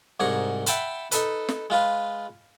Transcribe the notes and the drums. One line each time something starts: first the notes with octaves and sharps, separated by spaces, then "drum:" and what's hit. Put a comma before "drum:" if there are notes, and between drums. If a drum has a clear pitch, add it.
C2 G#2 G#4 G#5 A#5 C#6
E5 F#5 G5 A5 B5 C6, drum: hi-hat
D#4 A4 B4, drum: hi-hat
drum: snare
G#3 F4 B4 F5